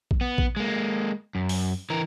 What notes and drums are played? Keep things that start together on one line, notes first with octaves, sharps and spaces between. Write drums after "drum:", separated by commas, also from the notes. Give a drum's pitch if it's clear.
drum: kick
B3
drum: kick
G#3 A#3
F#2
drum: open hi-hat
E3 A#4